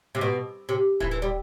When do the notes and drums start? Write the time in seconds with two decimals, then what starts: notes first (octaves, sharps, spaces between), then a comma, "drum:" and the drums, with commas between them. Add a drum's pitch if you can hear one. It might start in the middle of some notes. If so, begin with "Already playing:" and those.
0.15 C3
0.21 B2
0.69 C3
1.00 E3, drum: kick D#1
1.11 E3
1.22 G3